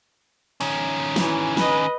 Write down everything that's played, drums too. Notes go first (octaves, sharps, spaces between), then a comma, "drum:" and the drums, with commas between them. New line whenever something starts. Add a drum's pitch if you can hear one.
D#3 C#4, drum: open hi-hat
E3, drum: snare
B4 D#5, drum: snare